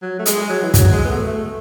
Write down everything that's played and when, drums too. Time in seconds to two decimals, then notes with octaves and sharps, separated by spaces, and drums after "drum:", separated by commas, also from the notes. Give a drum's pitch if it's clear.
0.02 F#3
0.19 A3
0.26 G#3, drum: hi-hat
0.50 F#3
0.62 E3
0.74 F#3, drum: kick, hi-hat
0.92 G#3
1.05 B3
1.10 A3
1.27 A3